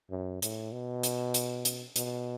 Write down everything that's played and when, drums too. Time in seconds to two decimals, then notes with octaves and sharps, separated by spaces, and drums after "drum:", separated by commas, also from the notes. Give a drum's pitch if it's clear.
0.10 F#2
0.42 A2, drum: hi-hat
0.73 B2
1.03 drum: hi-hat
1.34 drum: hi-hat
1.65 drum: hi-hat
1.96 B2, drum: hi-hat